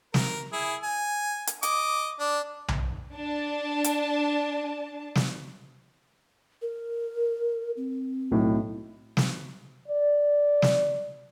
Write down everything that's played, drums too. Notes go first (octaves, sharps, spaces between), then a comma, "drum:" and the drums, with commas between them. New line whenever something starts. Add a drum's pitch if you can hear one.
A#4, drum: snare
E4 G#4
G#5
drum: hi-hat
D#5 D6, drum: hi-hat
D4
drum: tom B1
D4 A5
drum: hi-hat
drum: snare
A#4
C4
B1 A2
drum: snare
D5
drum: snare